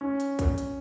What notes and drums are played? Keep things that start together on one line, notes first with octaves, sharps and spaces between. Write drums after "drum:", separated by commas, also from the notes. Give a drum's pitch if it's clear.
C#4
drum: hi-hat
drum: kick, hi-hat
drum: hi-hat